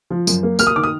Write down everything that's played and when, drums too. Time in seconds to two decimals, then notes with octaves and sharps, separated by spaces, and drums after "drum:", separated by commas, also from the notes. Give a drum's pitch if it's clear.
0.10 F3
0.27 F#2, drum: tambourine
0.43 A#3
0.59 A#3 F6, drum: tambourine
0.67 D#6
0.76 D#3 D6
0.84 D#6